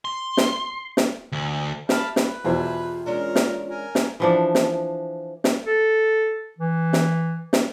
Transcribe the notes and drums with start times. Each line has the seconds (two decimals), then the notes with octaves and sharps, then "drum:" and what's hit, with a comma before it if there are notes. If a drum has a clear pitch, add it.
0.05 C6
0.37 drum: snare
0.97 drum: snare
1.32 D2
1.89 G4 E5 F5 A5 B5, drum: snare
2.16 B4, drum: snare
2.45 E2 B2 F4 G4 G#4 C5 E5
3.06 G#3 C#4 D4 A#4
3.35 drum: snare
3.69 A#4 G#5
3.95 drum: snare
4.20 E3 F3 D4
4.55 drum: snare
5.44 drum: snare
5.66 A4
6.58 E3
6.93 drum: snare
7.53 drum: snare